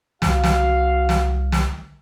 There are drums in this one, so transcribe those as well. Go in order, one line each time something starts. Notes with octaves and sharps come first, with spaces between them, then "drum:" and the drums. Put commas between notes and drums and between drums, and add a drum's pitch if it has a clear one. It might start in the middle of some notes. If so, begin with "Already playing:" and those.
C2 F#4 F5, drum: snare
drum: snare
drum: snare
drum: snare